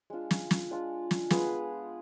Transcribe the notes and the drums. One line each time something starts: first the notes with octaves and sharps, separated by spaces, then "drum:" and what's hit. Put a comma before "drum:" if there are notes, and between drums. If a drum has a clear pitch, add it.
G#3 D4 F4
drum: snare
drum: snare
G#3 D4 F4
drum: snare
G#3 B3 F4 G#4 B4, drum: snare